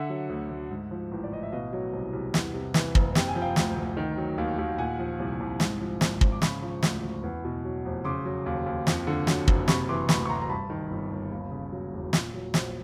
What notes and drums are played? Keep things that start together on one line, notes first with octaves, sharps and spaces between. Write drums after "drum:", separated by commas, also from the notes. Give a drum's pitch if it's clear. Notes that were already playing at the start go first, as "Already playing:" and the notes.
Already playing: D3 E5 F#5
F#3
D2
D2
G#2
F3
A1
D5
A1 D#5
E5
B2 D#5 F5
F#3
C2
C2
E2, drum: snare
C3
E3, drum: snare
F#1, drum: kick
C3 G5, drum: snare
G#5
F3
F5 G5
D2, drum: snare
D2
D#3
F#3
D#2
D#2
A#2 F#5 G#5
F3
C2
C2
G#2, drum: snare
F3
G#1, drum: snare
G#1, drum: kick
D6
C#3 B5 C#6, drum: snare
F3
D2, drum: snare
D2
E2
B2
F#3
F1
C#3 C6 D6
F#3
D#2
D#2
F2, drum: snare
D3
F#3, drum: snare
F#1, drum: kick
C3 B5 C#6, drum: snare
E3 C6 D6
D2 B5 C#6, drum: snare
C#6
D2 A#5 C6
A#5
G2 A5 B5
D#3
G1
G1
D#2
C#3
F#3
E1
A#2, drum: snare
F#3
A#1, drum: snare